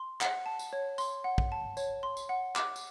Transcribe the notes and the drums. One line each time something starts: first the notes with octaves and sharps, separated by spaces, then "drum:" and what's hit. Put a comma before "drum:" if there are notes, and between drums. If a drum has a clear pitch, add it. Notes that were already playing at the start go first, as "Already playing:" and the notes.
Already playing: C6
F#5, drum: clap
A5
drum: tambourine
C#5
C6, drum: tambourine
F#5
drum: kick
A5
C#5, drum: tambourine
C6
drum: tambourine
F#5
D6, drum: clap
drum: tambourine